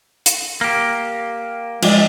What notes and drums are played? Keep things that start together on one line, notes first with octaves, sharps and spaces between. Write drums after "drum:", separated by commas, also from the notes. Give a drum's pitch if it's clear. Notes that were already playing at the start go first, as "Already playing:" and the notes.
drum: hi-hat
A#3 G4
F3 G#3 D5, drum: cymbal